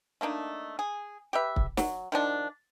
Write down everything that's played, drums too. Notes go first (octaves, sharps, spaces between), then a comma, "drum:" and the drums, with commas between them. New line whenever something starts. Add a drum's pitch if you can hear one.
A3 A#3 D4 D#4
G#4
G4 B4 E5
drum: kick
F#3, drum: snare
D#3 F3 D4